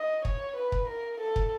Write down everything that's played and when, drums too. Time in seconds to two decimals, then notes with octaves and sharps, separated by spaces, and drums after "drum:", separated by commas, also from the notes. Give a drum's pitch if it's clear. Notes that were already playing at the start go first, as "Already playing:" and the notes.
Already playing: D#5
0.25 C#5, drum: kick
0.56 B4
0.72 drum: kick
0.88 A#4
1.20 A4
1.36 drum: kick